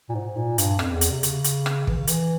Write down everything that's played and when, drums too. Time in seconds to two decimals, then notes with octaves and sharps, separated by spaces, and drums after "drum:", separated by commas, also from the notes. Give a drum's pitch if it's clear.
0.09 A#2
0.15 G#2
0.36 A#2
0.58 G2, drum: hi-hat
0.79 F2, drum: rim click
0.91 E2
1.01 drum: hi-hat
1.11 C3
1.23 C#3, drum: hi-hat
1.44 drum: hi-hat
1.66 drum: rim click
1.87 E3, drum: kick
1.97 C#3
2.07 E3, drum: hi-hat